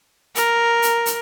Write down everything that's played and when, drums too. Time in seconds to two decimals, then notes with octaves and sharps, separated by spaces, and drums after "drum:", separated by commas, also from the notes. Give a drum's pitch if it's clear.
0.35 A#4, drum: hi-hat
0.82 drum: hi-hat
1.06 drum: hi-hat